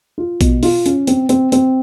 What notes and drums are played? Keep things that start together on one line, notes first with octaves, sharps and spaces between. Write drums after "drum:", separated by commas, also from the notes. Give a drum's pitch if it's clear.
F4
B2, drum: kick A#1, hi-hat
F4, drum: open hi-hat
C#4, drum: hi-hat
C4, drum: hi-hat
C4, drum: hi-hat
C4, drum: hi-hat